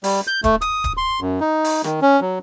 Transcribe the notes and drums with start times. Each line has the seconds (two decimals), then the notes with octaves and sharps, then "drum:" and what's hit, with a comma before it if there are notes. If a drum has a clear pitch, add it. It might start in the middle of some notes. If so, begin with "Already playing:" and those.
0.04 G3, drum: open hi-hat
0.27 G6
0.44 A3, drum: kick D1, hi-hat
0.61 D#6, drum: hi-hat
0.84 drum: kick D1, hi-hat
0.97 C6
1.21 F#2
1.40 D#4
1.64 drum: open hi-hat
1.84 D#3, drum: rim click
2.02 C#4
2.20 F#3